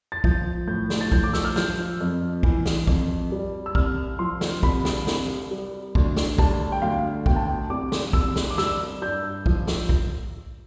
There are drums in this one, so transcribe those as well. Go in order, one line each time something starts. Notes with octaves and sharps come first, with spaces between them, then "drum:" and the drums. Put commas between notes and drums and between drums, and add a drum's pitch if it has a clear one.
A6
F3 G6, drum: kick
A2 G6
drum: snare
A6
F3 G6, drum: kick
D6
E6, drum: snare
F6
F3 G6, drum: snare
F2
E3, drum: kick
drum: snare
F2, drum: kick
G3
E6
C2 F6, drum: kick
F3 C6
drum: snare
C2 B5, drum: kick
drum: snare
C2, drum: snare
G3
D2, drum: kick
drum: snare
G3 A5, drum: kick
G5
D2 F5
B2 G5, drum: kick
A5
G5
C2 D6
drum: snare
C2 E6, drum: kick
drum: snare
D6
G3 E6, drum: snare
G2 G6
F3, drum: kick
drum: snare
drum: kick